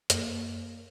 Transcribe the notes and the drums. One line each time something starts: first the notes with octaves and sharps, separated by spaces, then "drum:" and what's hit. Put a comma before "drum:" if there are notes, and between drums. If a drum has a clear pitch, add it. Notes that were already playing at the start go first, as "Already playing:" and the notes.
F#2 A#3, drum: hi-hat